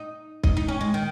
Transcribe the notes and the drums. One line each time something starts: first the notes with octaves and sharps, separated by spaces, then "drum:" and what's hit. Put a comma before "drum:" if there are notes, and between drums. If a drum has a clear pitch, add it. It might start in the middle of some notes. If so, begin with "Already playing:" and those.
Already playing: D#4
D#4, drum: kick
D#4
C#4
G#3
D#3